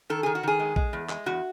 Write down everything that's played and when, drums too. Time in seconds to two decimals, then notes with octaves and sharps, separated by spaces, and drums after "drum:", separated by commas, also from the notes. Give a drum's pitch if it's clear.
0.10 D#3 A4
0.23 D#3 G#4
0.35 F#4
0.43 D#3 G#4
0.59 G#3
0.76 G#3, drum: kick A#1
0.93 E2
1.10 G#3, drum: clap
1.26 E2 F#4